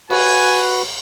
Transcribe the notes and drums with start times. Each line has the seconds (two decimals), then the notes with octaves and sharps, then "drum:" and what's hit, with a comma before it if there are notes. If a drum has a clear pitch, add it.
0.10 F#4 B4 G#5, drum: cymbal